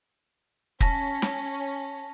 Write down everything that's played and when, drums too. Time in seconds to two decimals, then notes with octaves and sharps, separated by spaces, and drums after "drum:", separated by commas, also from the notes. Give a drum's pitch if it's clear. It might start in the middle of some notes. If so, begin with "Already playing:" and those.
0.80 C#4 A5 A#6 B6, drum: kick
1.22 drum: snare